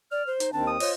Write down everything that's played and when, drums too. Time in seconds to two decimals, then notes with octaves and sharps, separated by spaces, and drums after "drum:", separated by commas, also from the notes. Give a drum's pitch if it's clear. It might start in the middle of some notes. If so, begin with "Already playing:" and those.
0.12 D5 F6
0.27 C5
0.40 D#4, drum: hi-hat
0.53 D#2 D#3 C4 D4 A5
0.67 D#6
0.80 F4 C5 C#5 D#5, drum: open hi-hat